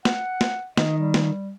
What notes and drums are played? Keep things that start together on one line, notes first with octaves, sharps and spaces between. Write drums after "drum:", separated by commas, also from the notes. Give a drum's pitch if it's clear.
F#5, drum: snare
drum: snare
D#3 D#5, drum: snare
G3
drum: snare